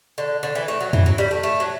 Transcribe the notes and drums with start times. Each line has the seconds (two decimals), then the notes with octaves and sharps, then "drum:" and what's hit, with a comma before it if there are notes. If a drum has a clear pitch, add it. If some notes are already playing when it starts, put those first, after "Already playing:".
0.18 D3
0.43 D3
0.55 E3
0.68 A3
0.81 F#3
0.93 E3, drum: tom F2
1.06 F#3
1.18 G3
1.31 A3
1.43 A3
1.60 F#3